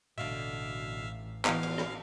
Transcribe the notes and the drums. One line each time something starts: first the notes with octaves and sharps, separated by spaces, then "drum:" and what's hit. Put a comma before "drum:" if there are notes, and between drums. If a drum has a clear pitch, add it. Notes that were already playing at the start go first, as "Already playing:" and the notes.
A1 B2 D3 E5 F5
E3 B3 D#4 F#4 F5, drum: clap
drum: cymbal
drum: rim click